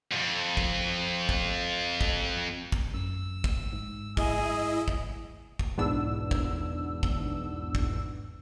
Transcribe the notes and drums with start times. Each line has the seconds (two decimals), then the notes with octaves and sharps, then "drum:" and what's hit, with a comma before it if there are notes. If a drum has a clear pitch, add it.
0.12 F2 G#2
0.57 drum: kick
1.29 drum: kick
2.01 drum: kick
2.72 drum: kick
2.94 F#2 E6
3.44 drum: kick
3.73 G#2
4.17 E4 G#4 D#5 G#5 E6, drum: kick
4.88 drum: kick
5.59 drum: kick
5.77 B1 E2 G#2 B3 D4 E6
6.31 drum: kick
7.03 drum: kick
7.75 drum: kick